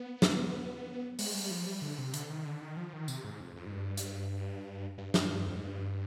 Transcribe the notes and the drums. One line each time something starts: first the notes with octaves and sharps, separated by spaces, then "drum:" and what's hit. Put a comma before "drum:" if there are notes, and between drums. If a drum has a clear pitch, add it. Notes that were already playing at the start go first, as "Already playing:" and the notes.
Already playing: B3
drum: snare
G#3, drum: open hi-hat
G3
F3
G3
D3
C3
D3, drum: hi-hat
D#3
D3
D#3
F3
D#3
C3, drum: tambourine
G#2
F2
F2
G#2
G2
drum: hi-hat
G2
G2, drum: snare
G2
F2
G#2
G2